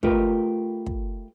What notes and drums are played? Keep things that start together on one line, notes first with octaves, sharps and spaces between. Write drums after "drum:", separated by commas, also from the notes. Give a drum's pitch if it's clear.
A3 F4 G4 A#4 B4, drum: kick
drum: kick